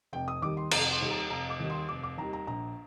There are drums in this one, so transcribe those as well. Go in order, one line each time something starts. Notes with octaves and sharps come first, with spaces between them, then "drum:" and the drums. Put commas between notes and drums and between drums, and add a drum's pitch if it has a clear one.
F1 G5
D#6
D#2 D#3 G3 D6
C6
F1 A#5, drum: cymbal
C6
D#2 D#3 G3
A#5
F1 A#5
D6
D#2 D#3 G3
C6
F1 D6
D6
D#2 D#3 G3 A#5
A#5
A#1 A#5